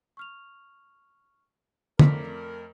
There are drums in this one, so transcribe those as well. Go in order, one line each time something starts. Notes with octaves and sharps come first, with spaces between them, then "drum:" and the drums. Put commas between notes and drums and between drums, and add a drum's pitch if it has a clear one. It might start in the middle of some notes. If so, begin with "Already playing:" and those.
C#6 F6 F7
F2 A3 A#4 D5 D6 B6, drum: tom